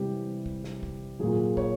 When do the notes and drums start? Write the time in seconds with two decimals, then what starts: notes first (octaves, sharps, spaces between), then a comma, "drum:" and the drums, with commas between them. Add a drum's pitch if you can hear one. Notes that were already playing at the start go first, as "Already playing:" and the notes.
Already playing: C3 E3 G3 G4
0.46 drum: kick
0.64 drum: snare
0.83 drum: kick
1.19 A#2 F#3 G#4
1.57 C#5, drum: kick